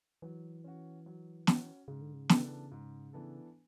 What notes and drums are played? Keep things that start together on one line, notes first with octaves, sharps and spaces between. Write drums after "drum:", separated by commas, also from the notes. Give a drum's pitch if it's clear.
E3 F#3
C#4 F#4
F#3
C#4 F#4, drum: snare
G#2 C#3
D3
C#3
E3 B3 D4 A4, drum: snare
G#2
E3 B3 D4 A4